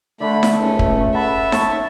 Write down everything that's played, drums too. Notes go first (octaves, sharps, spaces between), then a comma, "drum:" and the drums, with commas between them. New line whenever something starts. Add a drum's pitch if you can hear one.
D3 A3 B5
drum: snare D#4
C#2 C#4
drum: kick
E5 F#5 A5 B5
C#5 A5 C#6, drum: snare D#4